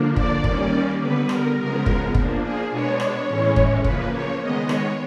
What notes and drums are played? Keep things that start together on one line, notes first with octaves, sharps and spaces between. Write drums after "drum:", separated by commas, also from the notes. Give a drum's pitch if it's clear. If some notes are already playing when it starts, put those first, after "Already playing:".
Already playing: D3 F3 A#3 D4
D5, drum: kick
D#3 G3 A#3 C#4, drum: kick
D3 G3 B3 B4
A#4, drum: rim click
C#3 F3 G#3 B3 A#4
drum: kick
F3 A#3 D4, drum: kick
G#4
B2 G#3 B3 D4 C#5
C#5, drum: rim click
A2 E3 G#3 C#4
drum: kick
C#3 F3 A#3 B4, drum: kick
C#5
D#3 G#3 B3 D#5
C#5, drum: rim click